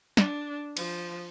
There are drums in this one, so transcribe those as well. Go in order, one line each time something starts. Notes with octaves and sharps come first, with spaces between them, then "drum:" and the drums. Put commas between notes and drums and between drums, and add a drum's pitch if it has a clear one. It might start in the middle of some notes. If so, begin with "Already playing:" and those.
D4, drum: snare
F3, drum: cymbal